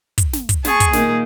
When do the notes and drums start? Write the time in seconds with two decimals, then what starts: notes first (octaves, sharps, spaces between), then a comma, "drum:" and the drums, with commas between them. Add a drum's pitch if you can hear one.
0.18 drum: kick, hi-hat
0.33 drum: snare
0.49 drum: kick, hi-hat
0.65 G#4 A5 C#6, drum: snare
0.80 drum: kick, hi-hat
0.93 A#2 D#3 A#3, drum: snare